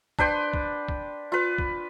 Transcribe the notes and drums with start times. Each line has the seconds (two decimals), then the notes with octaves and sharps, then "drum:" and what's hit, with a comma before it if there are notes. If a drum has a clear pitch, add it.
0.19 D4 B4 G5 C6, drum: kick
0.54 drum: kick
0.89 drum: kick
1.32 F4 B4
1.58 drum: kick